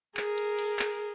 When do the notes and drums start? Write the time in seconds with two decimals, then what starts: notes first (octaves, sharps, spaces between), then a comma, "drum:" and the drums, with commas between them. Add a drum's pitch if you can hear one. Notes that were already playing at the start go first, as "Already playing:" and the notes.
0.17 G#4 A#4, drum: clap
0.38 drum: cymbal
0.58 drum: cymbal
0.79 drum: clap